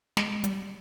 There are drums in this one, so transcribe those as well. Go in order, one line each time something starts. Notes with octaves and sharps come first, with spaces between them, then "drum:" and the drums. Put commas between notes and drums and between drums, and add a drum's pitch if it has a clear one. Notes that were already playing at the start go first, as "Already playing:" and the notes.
G#3, drum: snare
G3, drum: hi-hat